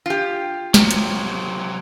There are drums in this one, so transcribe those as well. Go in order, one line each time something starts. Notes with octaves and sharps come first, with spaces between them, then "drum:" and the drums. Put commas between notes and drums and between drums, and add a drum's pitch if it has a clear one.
F4 G4
C3 F#3, drum: snare
drum: hi-hat